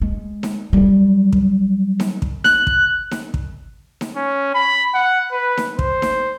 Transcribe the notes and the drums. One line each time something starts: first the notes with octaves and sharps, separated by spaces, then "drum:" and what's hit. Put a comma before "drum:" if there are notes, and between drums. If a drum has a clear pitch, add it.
G#3
drum: snare D#4
F#3 G3
drum: kick
drum: snare D#4
drum: kick
F#6, drum: snare D#4
drum: kick
drum: snare D#4
drum: kick
drum: snare D#4
C#4
B5
F#5
B4
drum: snare D#4
C5, drum: kick
drum: snare D#4